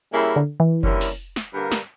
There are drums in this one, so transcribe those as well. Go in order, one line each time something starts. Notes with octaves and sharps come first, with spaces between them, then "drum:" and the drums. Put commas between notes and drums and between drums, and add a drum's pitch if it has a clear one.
C#3 G3 A#3 E4
D3
E3
D3 G3 A#3 C#4 E4, drum: kick F#1
drum: open hi-hat
drum: snare
G2 D3 A#3
drum: snare